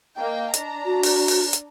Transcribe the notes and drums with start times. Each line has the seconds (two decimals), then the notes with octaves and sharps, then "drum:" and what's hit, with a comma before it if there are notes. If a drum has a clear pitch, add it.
0.17 A#3 D#5 G5
0.54 D4 A#5, drum: hi-hat
0.86 F#4
1.03 drum: open hi-hat
1.28 drum: open hi-hat
1.53 drum: hi-hat